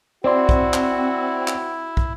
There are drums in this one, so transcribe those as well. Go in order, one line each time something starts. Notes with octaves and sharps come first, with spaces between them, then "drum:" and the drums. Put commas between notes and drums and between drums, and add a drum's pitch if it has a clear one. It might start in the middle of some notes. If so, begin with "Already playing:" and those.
C4 E4 F#4 C5 D5 C6
drum: kick
drum: clap
drum: clap
drum: kick